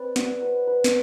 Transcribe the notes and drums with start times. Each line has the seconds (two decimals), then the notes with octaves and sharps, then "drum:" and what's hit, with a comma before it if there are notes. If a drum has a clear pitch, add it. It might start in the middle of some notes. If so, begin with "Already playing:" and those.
Already playing: C4 B4 D5
0.16 F#4, drum: snare
0.42 B4
0.67 B4
0.84 drum: snare